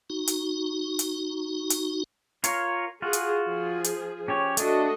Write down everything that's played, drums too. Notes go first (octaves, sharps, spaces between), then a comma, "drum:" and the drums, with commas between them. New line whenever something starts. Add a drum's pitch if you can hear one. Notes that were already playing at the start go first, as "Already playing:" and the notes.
D#4 F#4
drum: hi-hat
drum: hi-hat
drum: hi-hat
F4 A#4 C#5, drum: hi-hat
F4 F#4 G#4
drum: hi-hat
F3 G#4
drum: hi-hat
C#4 G4 C#5
A3 D4 F#4 A4 D#5, drum: hi-hat